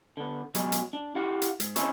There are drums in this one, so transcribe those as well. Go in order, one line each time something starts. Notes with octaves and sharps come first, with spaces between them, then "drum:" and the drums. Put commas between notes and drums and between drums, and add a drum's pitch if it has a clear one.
D3 B3
B2 F#3 G#3 F#4 G#4, drum: hi-hat
drum: hi-hat
D4
E4 G4 F5 F#5
drum: hi-hat
G#2, drum: hi-hat
C4 C#4 D#4 E4 G#4 C#5, drum: hi-hat